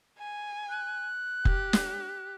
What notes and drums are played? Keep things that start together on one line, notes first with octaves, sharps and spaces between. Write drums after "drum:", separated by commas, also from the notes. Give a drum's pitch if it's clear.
G#5
F#6
G4, drum: kick F1
drum: snare